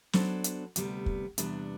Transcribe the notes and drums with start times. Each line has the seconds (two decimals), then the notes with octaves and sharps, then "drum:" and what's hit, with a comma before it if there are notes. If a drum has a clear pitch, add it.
0.13 F#3 B3 D4 A4 C5, drum: snare
0.44 drum: hi-hat
0.76 D2 C3 G3 B3, drum: hi-hat
1.06 drum: kick
1.38 E2 C3 G3 B3 D4, drum: hi-hat